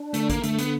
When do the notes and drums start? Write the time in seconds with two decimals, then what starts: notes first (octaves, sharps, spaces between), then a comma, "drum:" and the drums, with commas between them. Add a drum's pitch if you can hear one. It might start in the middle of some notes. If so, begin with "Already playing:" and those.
Already playing: D4
0.14 D3 A3, drum: hi-hat
0.30 A#3, drum: kick A1, hi-hat
0.43 D3 A3, drum: hi-hat
0.58 B3, drum: hi-hat